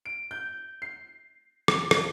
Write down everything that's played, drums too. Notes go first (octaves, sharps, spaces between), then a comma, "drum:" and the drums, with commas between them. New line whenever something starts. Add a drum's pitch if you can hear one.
D7
G6
C7
drum: rim click
drum: rim click